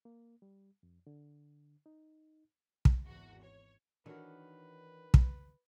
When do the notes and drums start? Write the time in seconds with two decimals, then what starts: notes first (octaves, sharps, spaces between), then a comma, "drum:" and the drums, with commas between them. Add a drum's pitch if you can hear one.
0.05 A#3
0.42 G3
0.83 F2
1.07 D3
1.86 D#4
2.85 drum: kick
3.02 G#1 E2 F#4
3.42 C#5
4.06 D#3 E3 D4 F#4 A4 B4 C#5
5.14 drum: kick